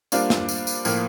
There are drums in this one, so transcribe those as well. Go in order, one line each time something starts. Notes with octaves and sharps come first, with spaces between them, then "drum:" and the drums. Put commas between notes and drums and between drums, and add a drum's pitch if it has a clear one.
G3 A#3 D4 F4 C5, drum: tambourine
drum: snare
drum: tambourine
drum: tambourine
A2 F3 A#3, drum: tambourine